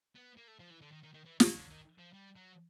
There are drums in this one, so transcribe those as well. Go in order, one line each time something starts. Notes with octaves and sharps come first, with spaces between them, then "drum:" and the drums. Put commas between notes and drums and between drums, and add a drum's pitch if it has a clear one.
B3
A#3
A3
F3
E3
D3
D#3
D#3
D#3
E3
D3, drum: snare
D3
D#3
F3
G3
F#3